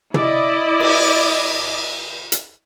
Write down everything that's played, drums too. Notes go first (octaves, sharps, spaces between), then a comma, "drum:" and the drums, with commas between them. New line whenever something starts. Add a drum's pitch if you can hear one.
E4 D5 D#5, drum: tom
drum: cymbal
drum: hi-hat